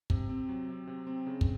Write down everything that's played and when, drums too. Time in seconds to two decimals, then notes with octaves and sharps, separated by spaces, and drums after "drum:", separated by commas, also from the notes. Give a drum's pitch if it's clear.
0.10 C3, drum: kick
0.29 C4
0.49 F#3
0.69 C3
0.87 C3
1.07 C4
1.27 C#3
1.41 drum: kick